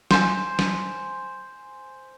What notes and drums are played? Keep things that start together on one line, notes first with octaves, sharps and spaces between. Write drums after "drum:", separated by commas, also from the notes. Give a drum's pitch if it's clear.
C5 G#5, drum: snare F#3
drum: snare F#3